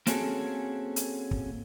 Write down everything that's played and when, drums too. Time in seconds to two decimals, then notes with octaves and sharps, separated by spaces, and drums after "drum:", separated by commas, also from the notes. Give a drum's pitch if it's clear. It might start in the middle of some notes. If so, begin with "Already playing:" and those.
0.07 A#3 C4 C#4 F#4 G#4 A4, drum: hi-hat
0.96 drum: hi-hat
1.31 drum: kick